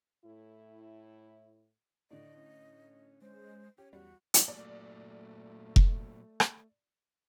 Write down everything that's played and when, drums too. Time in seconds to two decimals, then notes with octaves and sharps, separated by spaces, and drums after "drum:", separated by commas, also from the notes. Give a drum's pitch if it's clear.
0.25 A2 E4
2.11 A2 D3 D5 D#5
2.36 C#4
3.22 G#3 C#4 C5
3.78 C#4 G4 C#5
3.93 E2 G3 F#4
4.34 drum: hi-hat
4.48 A#2 F#3 A3 D5
5.76 drum: kick F1
6.40 drum: rim click